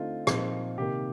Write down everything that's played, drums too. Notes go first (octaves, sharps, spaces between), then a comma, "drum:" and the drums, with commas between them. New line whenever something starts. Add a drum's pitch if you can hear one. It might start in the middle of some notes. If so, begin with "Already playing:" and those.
Already playing: D3 A3 C4 D#4 F4
A#2 F3 C4 D#4, drum: rim click
C3 D#3 A#3 G4